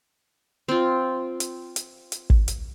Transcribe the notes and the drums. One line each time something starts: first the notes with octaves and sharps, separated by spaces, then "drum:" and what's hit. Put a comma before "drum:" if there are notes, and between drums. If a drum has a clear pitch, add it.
C4 F4
drum: hi-hat
drum: hi-hat
drum: hi-hat
drum: kick
drum: hi-hat